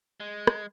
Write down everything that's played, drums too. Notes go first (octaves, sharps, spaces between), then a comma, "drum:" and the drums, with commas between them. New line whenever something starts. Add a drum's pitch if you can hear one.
G#3
drum: rim click